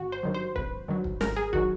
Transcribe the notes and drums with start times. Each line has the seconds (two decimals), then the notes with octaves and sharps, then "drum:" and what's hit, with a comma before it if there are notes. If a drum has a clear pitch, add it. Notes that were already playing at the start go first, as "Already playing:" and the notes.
Already playing: G#1 F#4
0.12 C5
0.23 G2 D#3 F#3
0.34 C5
0.56 G#1 B4, drum: kick C#1
0.88 G2 D#3 F#3
1.04 drum: kick C#1
1.21 G#1 A#4, drum: snare
1.36 G#4
1.53 D#3 F#3 F#4, drum: kick C#1